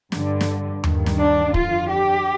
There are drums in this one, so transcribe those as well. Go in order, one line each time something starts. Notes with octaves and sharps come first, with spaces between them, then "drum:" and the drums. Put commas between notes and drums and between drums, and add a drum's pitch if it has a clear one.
G2 D3, drum: snare
drum: snare
G2 D#3, drum: tom D#2
drum: snare
D4
F2 D3 F4, drum: kick
G4